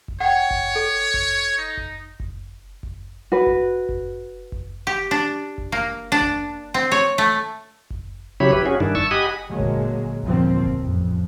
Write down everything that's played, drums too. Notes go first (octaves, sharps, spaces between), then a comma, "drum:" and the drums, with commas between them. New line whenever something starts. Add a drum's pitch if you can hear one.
drum: kick F#1
C#5 F#5 G5
drum: kick F#1
A4
drum: kick F#1
D#4
drum: kick F#1
drum: kick F#1
drum: kick F#1
F#4 B4
drum: kick F#1
drum: kick F#1
drum: kick F#1
G4
D4
drum: kick F#1
A#3
D4
drum: kick F#1
C4
C#5
A3
drum: kick F#1
C#3 F#3 E4 G4 C#5 B5
E4 G4 B4, drum: kick F#1
C#4 F#4 G#4
G2 D#3 D4 E4
A5 C#6 E6, drum: kick F#1
G4 D#5 F#5 G#5 B5 D#6
A#2 D3 F#3 G#3 A#3
drum: kick F#1
G1 D#2 A#2 F3 A#3 C4, drum: kick F#1
drum: kick F#1
A1 F2